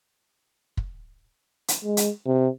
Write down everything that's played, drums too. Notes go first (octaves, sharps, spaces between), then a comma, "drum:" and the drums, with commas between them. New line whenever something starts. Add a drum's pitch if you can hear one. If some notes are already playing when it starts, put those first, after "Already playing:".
drum: kick
drum: hi-hat
G#3
drum: hi-hat
C3